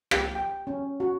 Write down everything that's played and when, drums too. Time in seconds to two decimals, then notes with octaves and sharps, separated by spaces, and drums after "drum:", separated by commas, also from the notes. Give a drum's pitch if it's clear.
0.11 G4, drum: rim click
0.35 G5
0.67 C#4
1.00 F#4